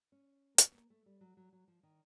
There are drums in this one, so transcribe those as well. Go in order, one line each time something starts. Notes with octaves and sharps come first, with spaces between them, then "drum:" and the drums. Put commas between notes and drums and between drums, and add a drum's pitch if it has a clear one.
C#4
A#3
B3, drum: hi-hat
A#3
A3
G3
F#3
F#3
F#3
F3
D#3